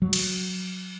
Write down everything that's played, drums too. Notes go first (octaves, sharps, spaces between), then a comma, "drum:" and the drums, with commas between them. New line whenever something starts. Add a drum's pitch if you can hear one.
F#3
drum: cymbal